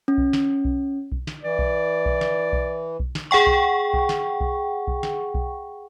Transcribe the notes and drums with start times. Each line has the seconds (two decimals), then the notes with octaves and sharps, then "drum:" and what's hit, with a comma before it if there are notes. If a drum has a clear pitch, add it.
0.08 C#4
0.18 drum: kick B1
0.33 drum: snare
0.65 drum: kick B1
1.12 drum: kick B1
1.27 drum: snare
1.43 E3 D5
1.59 drum: kick B1
2.06 drum: kick B1
2.21 drum: snare
2.53 drum: kick B1
3.00 drum: kick B1
3.15 drum: snare
3.31 G#4 F#5 G5 C#6
3.47 drum: kick B1
3.94 drum: kick B1
4.09 drum: snare
4.41 drum: kick B1
4.87 drum: kick B1
5.03 drum: snare
5.34 drum: kick B1